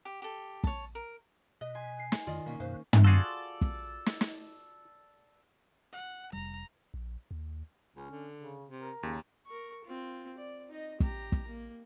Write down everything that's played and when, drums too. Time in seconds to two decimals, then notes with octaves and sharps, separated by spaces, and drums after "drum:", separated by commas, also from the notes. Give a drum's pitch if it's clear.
0.05 G4
0.22 G4 A4
0.64 C#5 A5, drum: kick
0.95 A#4
1.61 B2 D#5
1.75 G#5 C6
1.99 C7
2.12 drum: snare
2.27 F2 D#3 F4 D5 D#5
2.46 B2 A#3 C#4
2.60 F#2 B2 C5 F5
2.93 drum: tom
3.04 F4 F#4 G#4 A4 D5
3.61 drum: kick
4.06 drum: snare
4.21 drum: snare
5.92 F#5
6.33 F1 G3 A#5
6.94 A#1
7.31 D#2
7.96 C#2 C#4
8.11 D3
8.37 C#3
8.68 C3
8.81 A#4
9.03 D#2 C#3
9.46 A#4 C#6
9.85 C4 F4
10.38 D5
10.69 D#4 D#5
11.00 G4 A#5, drum: kick
11.32 drum: kick
11.48 A#3